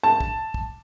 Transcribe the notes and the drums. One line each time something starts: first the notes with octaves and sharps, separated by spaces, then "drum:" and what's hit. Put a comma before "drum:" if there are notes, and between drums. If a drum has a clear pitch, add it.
A5
drum: kick
drum: kick